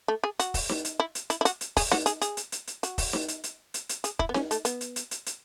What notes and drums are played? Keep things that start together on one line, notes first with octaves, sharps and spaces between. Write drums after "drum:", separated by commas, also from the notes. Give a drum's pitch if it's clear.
A3
G#4
F#4, drum: hi-hat
drum: kick, open hi-hat
drum: snare D#4
drum: hi-hat
E4
drum: hi-hat
E4, drum: hi-hat
E4
F#4, drum: hi-hat
drum: hi-hat
G#4, drum: kick, open hi-hat
F#4, drum: snare D#4
G#4, drum: hi-hat
G#4, drum: hi-hat
drum: hi-hat
drum: hi-hat
drum: hi-hat
F#4, drum: hi-hat
drum: kick, open hi-hat
drum: snare D#4
drum: hi-hat
drum: hi-hat
drum: hi-hat
drum: hi-hat
G#4, drum: hi-hat
E4, drum: kick
B3
C#4, drum: snare D#4
A3, drum: hi-hat
B3, drum: hi-hat
drum: hi-hat
drum: hi-hat
drum: hi-hat
drum: hi-hat